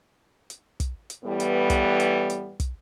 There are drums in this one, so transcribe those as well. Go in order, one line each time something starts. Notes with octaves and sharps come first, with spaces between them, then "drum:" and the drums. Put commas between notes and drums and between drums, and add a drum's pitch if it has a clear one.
drum: hi-hat
drum: kick, hi-hat
drum: hi-hat
A2 E3 G3 B3
drum: hi-hat
drum: kick, hi-hat
drum: hi-hat
drum: hi-hat
drum: kick, hi-hat